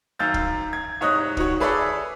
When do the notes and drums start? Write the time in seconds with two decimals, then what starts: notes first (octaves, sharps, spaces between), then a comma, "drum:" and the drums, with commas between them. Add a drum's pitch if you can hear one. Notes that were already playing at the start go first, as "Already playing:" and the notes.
0.19 F#2 D#3 F5 E6 G6 A6
0.34 drum: kick
0.73 G#6
1.01 C2 G#2 C#5 D#5 D#6 F#6
1.37 D#3 F#4 C#5, drum: kick
1.60 G#4 A4 B4 C#5 D5 E5